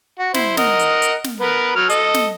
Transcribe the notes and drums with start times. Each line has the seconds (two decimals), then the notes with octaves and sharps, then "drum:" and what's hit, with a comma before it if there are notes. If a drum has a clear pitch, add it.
0.19 F#4
0.34 E4 C5, drum: snare
0.57 A#4 D#5 F#5, drum: snare
0.79 drum: hi-hat
1.02 drum: hi-hat
1.24 drum: snare
1.41 B3 A#4 B4
1.76 F#3 F6
1.89 A4 D#5, drum: hi-hat
2.14 drum: snare